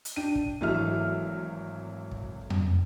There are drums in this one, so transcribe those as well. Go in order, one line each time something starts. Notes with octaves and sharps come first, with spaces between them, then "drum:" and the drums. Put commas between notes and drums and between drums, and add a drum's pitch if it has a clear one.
drum: hi-hat
D4 G5 D#7
drum: kick
G#1 E3 F#3 A3 E5 F6
drum: kick
drum: tom F2